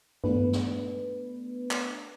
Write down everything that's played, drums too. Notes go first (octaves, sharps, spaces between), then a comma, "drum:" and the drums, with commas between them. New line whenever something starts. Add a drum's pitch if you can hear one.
A3 B3 D4 B4, drum: tom G2
drum: snare
drum: clap